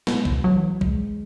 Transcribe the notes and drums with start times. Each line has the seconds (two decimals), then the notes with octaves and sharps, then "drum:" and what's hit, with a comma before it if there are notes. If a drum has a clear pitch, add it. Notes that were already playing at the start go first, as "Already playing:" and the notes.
0.07 B2, drum: snare
0.25 drum: kick
0.44 F#3
0.56 E3
0.69 F#3
0.81 G#3, drum: kick